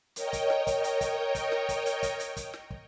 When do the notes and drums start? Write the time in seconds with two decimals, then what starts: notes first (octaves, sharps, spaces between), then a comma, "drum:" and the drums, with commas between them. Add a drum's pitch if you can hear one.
0.16 A#4 C#5 D#5 G5, drum: hi-hat
0.33 drum: kick, hi-hat
0.50 drum: snare
0.67 drum: kick, hi-hat
0.84 drum: hi-hat
1.01 drum: kick, hi-hat
1.35 drum: kick, hi-hat
1.52 drum: snare
1.69 drum: kick, hi-hat
1.86 drum: hi-hat
2.03 drum: kick, hi-hat
2.20 drum: hi-hat
2.37 drum: kick, hi-hat
2.54 drum: snare
2.70 drum: kick